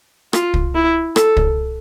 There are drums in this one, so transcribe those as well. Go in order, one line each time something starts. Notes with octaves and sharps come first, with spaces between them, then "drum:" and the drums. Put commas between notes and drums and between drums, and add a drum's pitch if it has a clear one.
F4, drum: rim click
drum: kick
E4
A4, drum: rim click
drum: kick